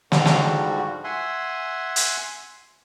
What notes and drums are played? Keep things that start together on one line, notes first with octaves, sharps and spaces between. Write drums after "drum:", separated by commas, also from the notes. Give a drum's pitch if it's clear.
G#2 D3 F3 G3 F#4, drum: snare
drum: snare
E5 F#5 G#5 C6
drum: hi-hat